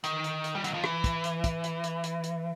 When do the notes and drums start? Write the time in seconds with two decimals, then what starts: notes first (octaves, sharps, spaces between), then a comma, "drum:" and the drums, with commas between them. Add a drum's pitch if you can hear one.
0.04 D#3, drum: hi-hat
0.24 drum: hi-hat
0.44 drum: hi-hat
0.55 G3
0.64 F#3, drum: hi-hat
0.74 F3
0.84 E3, drum: rim click
1.04 drum: kick, hi-hat
1.24 drum: hi-hat
1.44 drum: kick, hi-hat
1.64 drum: hi-hat
1.84 drum: hi-hat
2.04 drum: hi-hat
2.24 drum: hi-hat